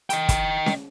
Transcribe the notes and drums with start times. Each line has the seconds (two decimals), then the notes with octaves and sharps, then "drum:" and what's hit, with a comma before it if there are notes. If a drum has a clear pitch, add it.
0.10 D#5 G5, drum: hi-hat
0.29 drum: kick, hi-hat
0.66 drum: snare C#4